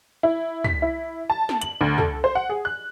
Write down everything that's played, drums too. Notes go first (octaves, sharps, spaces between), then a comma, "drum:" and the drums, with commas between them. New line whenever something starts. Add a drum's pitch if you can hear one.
E4
B6, drum: tom
E4
A5
drum: snare
F#7, drum: hi-hat
D2
A4, drum: tom
C5
F#5
G#4
F#6